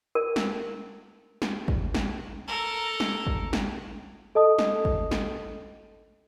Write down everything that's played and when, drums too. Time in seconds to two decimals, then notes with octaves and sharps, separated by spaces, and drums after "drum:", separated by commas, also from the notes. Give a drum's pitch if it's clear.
0.15 A#4
0.36 drum: snare
1.42 drum: snare
1.68 drum: kick
1.94 drum: snare
2.47 A4 A#4
3.00 drum: snare
3.27 drum: kick
3.53 drum: snare
4.35 A4 D#5 A5 D#6
4.59 drum: snare
4.85 drum: kick
5.11 drum: snare